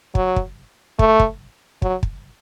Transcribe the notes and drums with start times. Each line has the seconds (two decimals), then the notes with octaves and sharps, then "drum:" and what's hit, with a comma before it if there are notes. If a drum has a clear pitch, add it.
0.15 F#3, drum: kick
0.36 drum: kick
0.99 A3, drum: kick
1.20 drum: kick
1.82 F#3, drum: kick
2.03 drum: kick